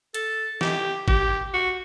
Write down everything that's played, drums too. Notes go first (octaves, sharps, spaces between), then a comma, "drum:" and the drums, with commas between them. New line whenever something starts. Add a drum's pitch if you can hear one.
A4, drum: hi-hat
G4, drum: snare
G4, drum: kick
F#4